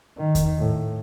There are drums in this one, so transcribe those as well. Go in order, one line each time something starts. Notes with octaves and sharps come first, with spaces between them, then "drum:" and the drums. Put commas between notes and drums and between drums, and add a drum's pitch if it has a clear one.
D#3
drum: kick E2, hi-hat
A2